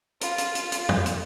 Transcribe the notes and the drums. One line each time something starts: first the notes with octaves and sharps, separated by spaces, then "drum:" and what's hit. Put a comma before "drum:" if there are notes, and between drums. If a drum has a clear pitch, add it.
F4, drum: hi-hat
drum: hi-hat
drum: hi-hat
drum: hi-hat
drum: tom
drum: hi-hat